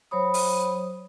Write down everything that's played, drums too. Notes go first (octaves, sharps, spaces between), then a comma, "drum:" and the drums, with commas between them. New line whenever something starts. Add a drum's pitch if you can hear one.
F#3 C5 C#5 B5 D#6
drum: open hi-hat